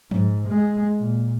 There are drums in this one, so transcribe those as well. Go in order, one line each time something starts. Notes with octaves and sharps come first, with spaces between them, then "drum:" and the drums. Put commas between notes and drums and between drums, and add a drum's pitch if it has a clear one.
G#2, drum: tom F3
G#3
A#2